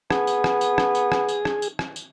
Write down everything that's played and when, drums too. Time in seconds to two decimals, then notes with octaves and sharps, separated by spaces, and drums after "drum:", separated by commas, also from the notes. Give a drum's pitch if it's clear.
0.10 B3 G#4, drum: rim click
0.27 drum: tambourine
0.44 drum: rim click
0.61 drum: tambourine
0.78 drum: rim click
0.95 drum: tambourine
1.12 drum: rim click
1.28 drum: tambourine
1.45 drum: rim click
1.62 drum: tambourine
1.79 drum: rim click
1.96 drum: tambourine